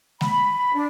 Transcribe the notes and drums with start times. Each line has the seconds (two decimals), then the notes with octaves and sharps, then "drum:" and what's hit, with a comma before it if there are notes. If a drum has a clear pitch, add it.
0.21 B5, drum: snare G#3
0.74 D4